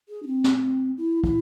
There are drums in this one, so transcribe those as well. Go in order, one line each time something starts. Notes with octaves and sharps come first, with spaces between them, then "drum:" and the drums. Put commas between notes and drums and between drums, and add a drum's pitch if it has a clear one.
G#4
D4
C4
drum: snare
E4
E4, drum: kick